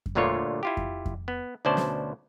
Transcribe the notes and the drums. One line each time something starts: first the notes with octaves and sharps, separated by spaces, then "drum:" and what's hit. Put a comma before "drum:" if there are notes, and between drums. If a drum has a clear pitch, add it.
drum: kick F2
G1 D2 A#2 D3 F4 C#5
E4 F4 G4
drum: kick F2
drum: kick F2
B3
D2 B2 C#4 C5 D5 A5
drum: snare